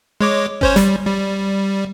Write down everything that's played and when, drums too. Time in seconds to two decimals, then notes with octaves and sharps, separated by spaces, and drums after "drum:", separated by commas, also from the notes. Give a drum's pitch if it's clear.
0.21 G#3 C#5 D6
0.61 C#4 C5 C#5, drum: kick G1
0.76 G3, drum: snare
1.05 G3